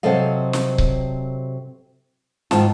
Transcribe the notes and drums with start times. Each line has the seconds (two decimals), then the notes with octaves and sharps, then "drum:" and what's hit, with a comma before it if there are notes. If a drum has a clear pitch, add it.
0.03 C3 F#3 C4 A4 D#5 F5
0.53 drum: snare
0.78 drum: kick C#1
2.51 G#2 D#3 F4 A5, drum: snare